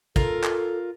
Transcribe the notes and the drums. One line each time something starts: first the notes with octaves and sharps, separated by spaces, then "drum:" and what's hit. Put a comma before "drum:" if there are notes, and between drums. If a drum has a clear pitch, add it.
F4 A4 A#4, drum: kick
drum: clap